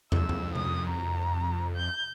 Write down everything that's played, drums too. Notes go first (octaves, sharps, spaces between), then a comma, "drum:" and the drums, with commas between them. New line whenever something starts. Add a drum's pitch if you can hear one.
F2 E6, drum: tom
drum: tom
D#6, drum: tom C3
A#5
G6